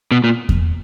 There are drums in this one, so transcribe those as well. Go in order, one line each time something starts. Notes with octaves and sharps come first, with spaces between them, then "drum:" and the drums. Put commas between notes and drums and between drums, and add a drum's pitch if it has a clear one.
B2
A#2
drum: kick E2